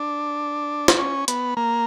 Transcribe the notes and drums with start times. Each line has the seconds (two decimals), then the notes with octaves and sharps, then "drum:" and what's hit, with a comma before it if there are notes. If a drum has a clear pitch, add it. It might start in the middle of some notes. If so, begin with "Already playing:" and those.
Already playing: D4
0.88 drum: snare
0.99 C#4
1.28 B3, drum: hi-hat
1.57 A#3